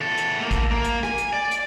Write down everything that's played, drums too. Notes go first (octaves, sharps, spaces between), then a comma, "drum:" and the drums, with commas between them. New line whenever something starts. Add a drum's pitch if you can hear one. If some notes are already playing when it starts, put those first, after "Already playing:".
E2 A4
drum: hi-hat
A3 A#3
drum: kick, hi-hat
A#3
drum: hi-hat
G#5, drum: rim click
drum: hi-hat
D5
drum: hi-hat